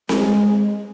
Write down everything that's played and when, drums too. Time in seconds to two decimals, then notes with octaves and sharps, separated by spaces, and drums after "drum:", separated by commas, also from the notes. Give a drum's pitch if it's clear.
0.09 G#3, drum: snare C4